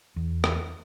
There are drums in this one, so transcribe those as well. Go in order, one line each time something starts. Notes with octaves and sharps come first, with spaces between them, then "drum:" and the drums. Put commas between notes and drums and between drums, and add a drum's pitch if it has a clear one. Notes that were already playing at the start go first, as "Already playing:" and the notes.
E2
drum: rim click